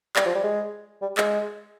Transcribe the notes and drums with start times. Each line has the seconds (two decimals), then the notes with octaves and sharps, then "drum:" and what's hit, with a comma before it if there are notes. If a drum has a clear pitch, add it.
0.16 G3, drum: clap
0.26 F3
0.35 G3
0.44 G#3
1.02 G3
1.17 G#3, drum: clap